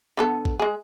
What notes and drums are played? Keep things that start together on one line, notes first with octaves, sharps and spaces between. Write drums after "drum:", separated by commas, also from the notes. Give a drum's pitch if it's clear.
D3 B3 A4
drum: kick
G#3 G#4